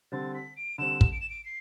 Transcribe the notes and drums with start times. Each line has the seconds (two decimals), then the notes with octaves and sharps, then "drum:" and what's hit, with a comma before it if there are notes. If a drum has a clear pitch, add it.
0.12 D3 G3 C4 A6
0.34 B6
0.57 D7
0.78 D3 G3 C4 E7
1.01 drum: kick
1.12 D7
1.20 E7
1.30 D7
1.45 C7